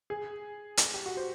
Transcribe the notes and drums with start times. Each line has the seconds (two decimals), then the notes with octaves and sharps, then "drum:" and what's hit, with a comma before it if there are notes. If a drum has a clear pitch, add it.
0.10 G#4
0.77 drum: hi-hat
0.94 G4
1.06 F#4
1.17 C5